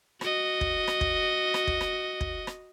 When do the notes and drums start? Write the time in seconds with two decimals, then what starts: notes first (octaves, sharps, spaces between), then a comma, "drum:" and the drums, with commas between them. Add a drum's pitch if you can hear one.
0.21 F#4 D#5, drum: rim click
0.61 drum: kick
0.88 drum: rim click
1.01 drum: kick
1.54 drum: rim click
1.67 drum: kick
1.81 drum: rim click
2.21 drum: kick
2.47 drum: rim click